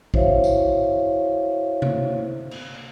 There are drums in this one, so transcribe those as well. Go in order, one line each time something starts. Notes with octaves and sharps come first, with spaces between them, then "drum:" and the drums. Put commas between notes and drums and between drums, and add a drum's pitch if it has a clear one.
E4 F#4 C5 C#5 E5 F5, drum: kick
drum: tambourine
drum: tom C3
drum: cymbal